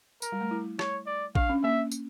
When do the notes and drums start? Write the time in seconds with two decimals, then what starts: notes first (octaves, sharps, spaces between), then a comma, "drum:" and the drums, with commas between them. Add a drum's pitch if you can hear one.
0.22 A#4, drum: tambourine
0.32 G3
0.41 A3
0.51 E4
0.79 C#5, drum: rim click
1.07 D5
1.35 D4 F5, drum: kick
1.49 C#4
1.63 A#3 E5
1.92 drum: tambourine